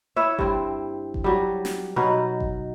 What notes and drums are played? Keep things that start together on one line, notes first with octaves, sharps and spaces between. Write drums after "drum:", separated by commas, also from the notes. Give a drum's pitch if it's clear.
E4 B4 C#5 E5
G2 C4, drum: kick G1
drum: kick G1
F#3 G3
drum: snare
B2 F#3 D#4 B4
drum: kick G1